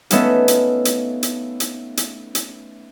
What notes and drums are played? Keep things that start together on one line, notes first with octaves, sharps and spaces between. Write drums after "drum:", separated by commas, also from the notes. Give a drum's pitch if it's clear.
A3 B3 C#4 D#4 E5 F5, drum: hi-hat
drum: hi-hat
drum: hi-hat
drum: hi-hat
drum: hi-hat
drum: hi-hat
drum: hi-hat